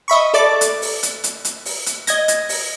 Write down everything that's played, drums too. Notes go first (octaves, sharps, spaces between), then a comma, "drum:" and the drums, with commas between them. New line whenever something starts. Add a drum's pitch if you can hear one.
D#5 E5 B5 C#6
A4 D5 D6 A6
drum: hi-hat
drum: open hi-hat
drum: hi-hat
drum: hi-hat
drum: hi-hat
drum: open hi-hat
drum: hi-hat
D#5 G#6 A#6, drum: hi-hat
drum: hi-hat
drum: open hi-hat